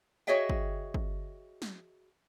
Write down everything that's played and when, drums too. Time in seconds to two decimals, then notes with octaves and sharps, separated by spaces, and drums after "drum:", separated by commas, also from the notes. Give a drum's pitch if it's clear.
0.27 F#4 G#4 C#5 D#5 E5 G5
0.50 drum: kick
0.94 drum: kick
1.62 drum: snare